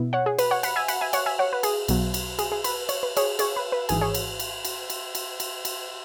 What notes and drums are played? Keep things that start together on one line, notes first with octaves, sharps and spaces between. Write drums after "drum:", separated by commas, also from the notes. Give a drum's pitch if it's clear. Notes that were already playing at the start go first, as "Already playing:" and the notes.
Already playing: B2 B3 E4
C#5 F#5
G#4
B4, drum: cymbal
C#5 F#5
F#5 B5, drum: cymbal
E5 G#5
F#5 B5, drum: cymbal
E5 G#5
C#5 F#5, drum: cymbal
E5 G#5
C#5 F#5
B4
G#4, drum: cymbal
B1 B2 F#3, drum: cymbal
drum: cymbal
G#4, drum: cymbal
G#4
B4, drum: cymbal
C#5, drum: cymbal
B4
G#4 C#5, drum: cymbal
G#4 C#5, drum: cymbal
B4
B4
G#1 G#2 E3 G#4, drum: cymbal
G#4 C#5
drum: cymbal
drum: cymbal
drum: cymbal
drum: cymbal
drum: cymbal
drum: cymbal
drum: cymbal